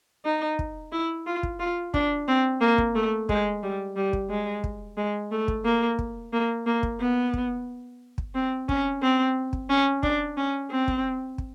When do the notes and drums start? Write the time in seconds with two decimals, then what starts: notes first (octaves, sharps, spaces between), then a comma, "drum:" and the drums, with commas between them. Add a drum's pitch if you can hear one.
0.25 D#4
0.59 drum: kick
0.92 E4
1.26 F4
1.43 drum: kick
1.60 F4
1.94 D4, drum: kick
2.28 C4
2.61 A#3
2.78 drum: kick
2.95 A3
3.29 G#3, drum: kick
3.63 G3
3.96 G3
4.13 drum: kick
4.30 G#3
4.64 drum: kick
4.97 G#3
5.32 A3
5.48 drum: kick
5.65 A#3
5.99 drum: kick
6.33 A#3
6.66 A#3
6.83 drum: kick
7.00 B3
7.34 drum: kick
8.18 drum: kick
8.35 C4
8.69 C#4, drum: kick
9.02 C4
9.53 drum: kick
9.70 C#4
10.03 D4, drum: kick
10.37 C#4
10.70 C4
10.88 drum: kick
11.38 drum: kick